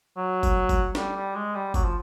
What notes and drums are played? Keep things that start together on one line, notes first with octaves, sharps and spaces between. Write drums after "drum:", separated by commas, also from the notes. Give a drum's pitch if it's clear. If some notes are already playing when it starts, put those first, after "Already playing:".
F#3
drum: kick G1, tambourine
drum: kick G1, tambourine
G3, drum: snare
G3
G#3
G3
F#3, drum: kick G1, tambourine
F3